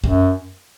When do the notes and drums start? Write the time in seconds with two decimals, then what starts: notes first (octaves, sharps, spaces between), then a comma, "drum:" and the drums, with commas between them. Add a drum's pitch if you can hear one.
0.04 F#2, drum: kick